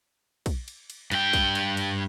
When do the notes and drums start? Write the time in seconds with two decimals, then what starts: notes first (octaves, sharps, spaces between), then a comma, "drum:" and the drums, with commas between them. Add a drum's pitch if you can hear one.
0.46 drum: kick, cymbal
0.68 drum: cymbal
0.90 drum: cymbal
1.12 G2 G5, drum: cymbal
1.33 drum: kick, cymbal
1.55 drum: cymbal
1.77 drum: cymbal